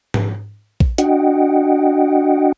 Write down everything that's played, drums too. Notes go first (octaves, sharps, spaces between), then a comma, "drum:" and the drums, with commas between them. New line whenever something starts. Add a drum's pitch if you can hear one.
drum: tom G#2
drum: kick A#1
D4 F#4 D#5 F#5 G5, drum: hi-hat